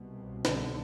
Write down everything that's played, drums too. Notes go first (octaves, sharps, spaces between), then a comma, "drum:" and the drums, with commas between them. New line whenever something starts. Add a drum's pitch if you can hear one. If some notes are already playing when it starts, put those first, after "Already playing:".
Already playing: C2 B2
D3, drum: snare